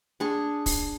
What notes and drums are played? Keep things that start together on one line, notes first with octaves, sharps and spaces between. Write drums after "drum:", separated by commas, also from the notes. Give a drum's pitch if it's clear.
D4 G#4 C#6
drum: kick, open hi-hat